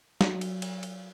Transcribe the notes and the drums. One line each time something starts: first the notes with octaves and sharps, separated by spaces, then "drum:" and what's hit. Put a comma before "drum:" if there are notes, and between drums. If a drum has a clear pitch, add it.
F#3, drum: snare
drum: cymbal
drum: cymbal
drum: cymbal